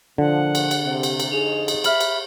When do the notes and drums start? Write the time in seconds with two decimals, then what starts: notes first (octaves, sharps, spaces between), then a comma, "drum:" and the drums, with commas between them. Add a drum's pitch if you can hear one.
0.18 A#2 D3 F3 F#5
0.55 drum: cymbal
0.71 drum: cymbal
0.84 C3
1.03 drum: cymbal
1.20 drum: cymbal
1.32 F2 D#4 G#4 F7
1.68 drum: cymbal
1.84 E5 B5 F6 F#7, drum: cymbal
2.00 drum: cymbal